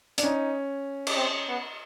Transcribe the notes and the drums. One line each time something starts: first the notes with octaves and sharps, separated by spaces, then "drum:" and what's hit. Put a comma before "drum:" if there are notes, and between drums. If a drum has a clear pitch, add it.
D4, drum: hi-hat
C#4 D#4
drum: cymbal
C4
B3